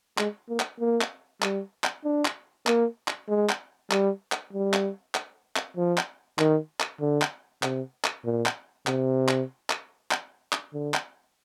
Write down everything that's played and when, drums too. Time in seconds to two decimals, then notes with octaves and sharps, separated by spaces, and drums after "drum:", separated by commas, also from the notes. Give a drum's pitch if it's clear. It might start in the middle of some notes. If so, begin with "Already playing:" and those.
0.18 G#3, drum: clap
0.49 A#3
0.60 drum: clap
0.80 A#3
1.01 drum: clap
1.42 G3, drum: clap
1.84 drum: clap
2.05 D4
2.25 drum: clap
2.67 A#3, drum: clap
3.08 drum: clap
3.28 G#3
3.49 drum: clap
3.91 G3, drum: clap
4.32 drum: clap
4.53 G3
4.73 drum: clap
5.15 drum: clap
5.56 drum: clap
5.77 F3
5.97 drum: clap
6.39 D#3, drum: clap
6.80 drum: clap
7.01 D3
7.22 drum: clap
7.63 C3, drum: clap
8.04 drum: clap
8.25 A#2
8.46 drum: clap
8.87 C3, drum: clap
9.28 drum: clap
9.70 drum: clap
10.11 drum: clap
10.52 drum: clap
10.73 D3
10.94 drum: clap